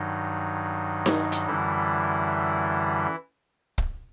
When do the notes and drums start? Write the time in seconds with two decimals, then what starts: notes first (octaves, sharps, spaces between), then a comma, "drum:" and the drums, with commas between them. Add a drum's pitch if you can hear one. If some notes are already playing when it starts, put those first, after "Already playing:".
Already playing: G2 D#3 F#3 D#4
1.06 drum: snare D#4
1.32 drum: hi-hat
1.46 F#2 D3 E3 G3 E4
3.78 drum: kick